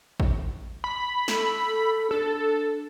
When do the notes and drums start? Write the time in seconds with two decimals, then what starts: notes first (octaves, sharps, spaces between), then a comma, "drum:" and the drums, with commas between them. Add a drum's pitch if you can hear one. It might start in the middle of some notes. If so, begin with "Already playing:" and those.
0.20 drum: kick A1
0.84 B5
1.28 A4, drum: snare
2.11 D4 A4